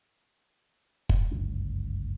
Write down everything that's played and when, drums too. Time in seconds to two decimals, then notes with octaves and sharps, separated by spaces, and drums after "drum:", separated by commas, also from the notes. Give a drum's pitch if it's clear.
1.09 drum: kick
1.31 G1 C#2 F#2 C#4